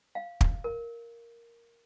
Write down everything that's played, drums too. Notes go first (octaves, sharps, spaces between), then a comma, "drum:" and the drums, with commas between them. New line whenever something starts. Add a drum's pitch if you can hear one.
F5
drum: kick
A#4